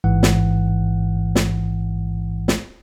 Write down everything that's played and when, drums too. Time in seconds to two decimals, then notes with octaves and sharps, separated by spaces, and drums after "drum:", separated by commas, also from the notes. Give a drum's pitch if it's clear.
0.04 A1 G#2 E3 F#5
0.23 drum: snare
1.35 drum: snare
2.48 drum: snare